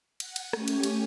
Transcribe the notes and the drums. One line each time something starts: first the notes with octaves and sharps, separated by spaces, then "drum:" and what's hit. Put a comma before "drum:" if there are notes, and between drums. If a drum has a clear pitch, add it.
F#5, drum: cymbal
drum: cymbal
A3 C#4 G4 C#5 G#5, drum: rim click
drum: cymbal
drum: cymbal